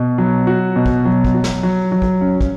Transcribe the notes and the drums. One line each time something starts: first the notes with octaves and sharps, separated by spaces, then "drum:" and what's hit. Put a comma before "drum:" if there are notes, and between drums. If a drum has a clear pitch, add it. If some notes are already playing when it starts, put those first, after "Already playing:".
Already playing: B2
F#3
F#4
B2
drum: kick
F#3
drum: kick
F#3
drum: snare
F#3
F#3
drum: kick
C#4
drum: kick